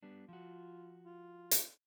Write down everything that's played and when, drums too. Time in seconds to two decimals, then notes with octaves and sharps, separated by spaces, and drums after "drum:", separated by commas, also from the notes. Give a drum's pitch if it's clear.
0.03 G3 B3 D4
0.29 F3 F4 F#4
1.06 F4
1.51 drum: hi-hat